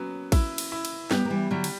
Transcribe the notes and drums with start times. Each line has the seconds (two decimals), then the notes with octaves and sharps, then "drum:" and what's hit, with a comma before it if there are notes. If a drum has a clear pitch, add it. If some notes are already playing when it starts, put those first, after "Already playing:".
Already playing: F#3 A#3 B3 C#4
0.32 E4, drum: kick, cymbal
0.58 drum: cymbal
0.72 E4
0.85 drum: cymbal
1.11 G3 B3 G4, drum: snare
1.25 A#3
1.30 E3 G3
1.51 D3 F#3 G3
1.64 drum: cymbal